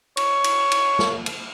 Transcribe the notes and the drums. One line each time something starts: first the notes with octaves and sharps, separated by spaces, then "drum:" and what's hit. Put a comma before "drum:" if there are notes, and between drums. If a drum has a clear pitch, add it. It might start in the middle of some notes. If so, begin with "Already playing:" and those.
C#5, drum: cymbal
drum: cymbal
drum: cymbal
drum: snare
drum: cymbal